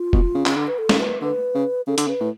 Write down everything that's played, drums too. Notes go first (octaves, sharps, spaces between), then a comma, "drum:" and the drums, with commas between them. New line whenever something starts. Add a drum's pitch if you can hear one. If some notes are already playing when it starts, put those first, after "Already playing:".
Already playing: F4
B2, drum: kick E1
C#3
C#3, drum: clap
D3
B4
A4
C#3, drum: snare
B4
D3 B4
C#3
C#3 A4
D3, drum: hi-hat
C#3 B4
A2